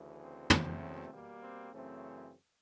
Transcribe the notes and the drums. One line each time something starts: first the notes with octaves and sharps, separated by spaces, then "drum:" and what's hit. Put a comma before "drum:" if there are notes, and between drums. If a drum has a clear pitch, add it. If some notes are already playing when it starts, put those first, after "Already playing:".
Already playing: D2 C#3 E3
C4
E2 B2 F#3 A3 C4, drum: tom
C#4
B2 G3 A#3
C4
F#2 C#3 E3 A3 C4